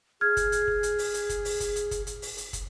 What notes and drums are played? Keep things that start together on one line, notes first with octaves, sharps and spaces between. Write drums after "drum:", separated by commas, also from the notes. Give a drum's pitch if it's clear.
G#4 F6 G#6
drum: kick, hi-hat
drum: hi-hat
drum: kick
drum: hi-hat
drum: open hi-hat
drum: hi-hat
drum: kick, hi-hat
drum: open hi-hat
drum: kick, hi-hat
drum: hi-hat
drum: kick, hi-hat
drum: hi-hat
drum: open hi-hat
drum: hi-hat
drum: kick, hi-hat